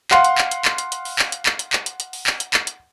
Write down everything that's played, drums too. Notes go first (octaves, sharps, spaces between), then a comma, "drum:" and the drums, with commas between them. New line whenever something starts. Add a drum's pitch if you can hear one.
F5 F#5 C6, drum: clap
drum: hi-hat
drum: clap
drum: hi-hat
drum: clap
drum: hi-hat
drum: hi-hat
drum: open hi-hat
drum: clap
drum: hi-hat
drum: clap
drum: hi-hat
drum: clap
drum: hi-hat
drum: hi-hat
drum: open hi-hat
drum: clap
drum: hi-hat
drum: clap
drum: hi-hat